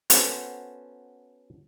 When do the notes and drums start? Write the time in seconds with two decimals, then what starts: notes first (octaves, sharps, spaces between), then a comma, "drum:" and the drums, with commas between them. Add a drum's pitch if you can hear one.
0.10 B3 C#4 F#4 A4 C5, drum: hi-hat